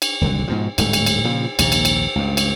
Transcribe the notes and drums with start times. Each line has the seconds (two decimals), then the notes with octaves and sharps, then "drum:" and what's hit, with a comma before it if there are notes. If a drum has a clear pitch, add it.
0.02 drum: cymbal
0.21 D#1 C2 D3 F#3
0.48 G#2 B2 F3
0.78 D1 G#2 G3 A3, drum: cymbal
0.93 drum: cymbal
1.06 drum: cymbal
1.24 A#2 C#3 F3
1.59 A#1 D#2 G#2, drum: cymbal
1.72 drum: cymbal
1.85 drum: cymbal
2.16 C#2 G2
2.37 drum: cymbal